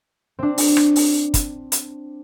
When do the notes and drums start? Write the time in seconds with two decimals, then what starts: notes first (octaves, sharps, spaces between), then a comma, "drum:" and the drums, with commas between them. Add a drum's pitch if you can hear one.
0.39 C4 D4
0.58 drum: open hi-hat
0.77 drum: rim click
0.96 drum: open hi-hat
1.34 drum: kick, hi-hat
1.72 drum: hi-hat